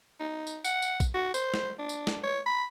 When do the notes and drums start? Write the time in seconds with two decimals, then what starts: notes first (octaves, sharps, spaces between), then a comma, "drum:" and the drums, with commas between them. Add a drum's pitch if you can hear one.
0.20 D#4
0.47 drum: tambourine
0.65 F#5, drum: tambourine
0.82 drum: tambourine
1.00 drum: kick A#1, tambourine
1.14 F#4
1.34 C5, drum: tambourine
1.54 drum: snare
1.79 D4
1.89 drum: tambourine
2.07 drum: snare
2.23 C#5
2.46 B5